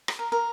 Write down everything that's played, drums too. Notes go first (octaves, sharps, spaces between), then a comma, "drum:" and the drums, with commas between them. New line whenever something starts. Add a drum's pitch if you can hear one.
drum: rim click
A#4
A#4